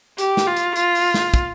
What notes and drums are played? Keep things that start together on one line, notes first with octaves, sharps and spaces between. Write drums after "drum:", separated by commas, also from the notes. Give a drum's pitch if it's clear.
G4, drum: hi-hat
drum: snare
F4
drum: hi-hat
F4, drum: hi-hat
drum: open hi-hat
drum: snare
drum: kick, hi-hat